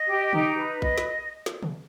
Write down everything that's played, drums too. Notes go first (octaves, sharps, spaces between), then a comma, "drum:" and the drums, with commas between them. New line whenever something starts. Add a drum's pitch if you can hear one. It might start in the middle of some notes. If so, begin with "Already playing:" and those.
Already playing: D#5
G4
D#4, drum: tom C3
B4
D#5, drum: kick A#1
drum: snare
drum: snare
drum: tom C3